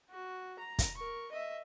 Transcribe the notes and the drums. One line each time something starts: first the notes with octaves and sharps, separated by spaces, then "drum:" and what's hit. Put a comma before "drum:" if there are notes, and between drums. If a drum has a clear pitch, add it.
F#4
A#5
drum: kick, hi-hat
A#4 C#6
D#5 E5